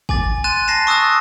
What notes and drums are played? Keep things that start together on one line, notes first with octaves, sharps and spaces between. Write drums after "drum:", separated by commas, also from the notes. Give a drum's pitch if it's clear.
G#5 D6 A6, drum: kick
C6 F#6 A6 D#7 E7
A5 A6 A#6 C7 E7
C#6 D#6 E6 F#6 A6